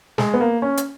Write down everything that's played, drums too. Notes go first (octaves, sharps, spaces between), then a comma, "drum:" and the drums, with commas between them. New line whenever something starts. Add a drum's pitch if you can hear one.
G#3, drum: snare
B3
A#3
C#4
drum: hi-hat